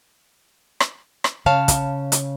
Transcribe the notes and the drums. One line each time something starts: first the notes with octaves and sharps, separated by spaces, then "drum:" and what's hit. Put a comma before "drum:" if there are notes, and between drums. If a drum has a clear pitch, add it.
drum: rim click
drum: rim click
C#3 C#5 F5 A5
drum: kick, hi-hat
drum: hi-hat